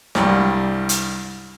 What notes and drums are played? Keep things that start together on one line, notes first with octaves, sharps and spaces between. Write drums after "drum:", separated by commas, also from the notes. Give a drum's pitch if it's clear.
C2 G2, drum: snare
drum: hi-hat